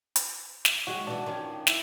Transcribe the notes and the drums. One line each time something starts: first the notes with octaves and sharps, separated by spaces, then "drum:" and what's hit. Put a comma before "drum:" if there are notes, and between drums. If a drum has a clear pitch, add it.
drum: hi-hat
drum: snare
D#2 F#3 G#3 F#4
B2 E3 D4 F#4
D#3 F3 C#4
E4, drum: snare